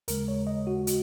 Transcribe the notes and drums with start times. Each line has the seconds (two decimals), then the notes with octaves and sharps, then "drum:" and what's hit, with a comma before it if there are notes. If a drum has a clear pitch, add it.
0.08 D#2 C#3 G#3 A#4, drum: hi-hat
0.28 C#5
0.47 D#5
0.67 F#4
0.87 F#4, drum: hi-hat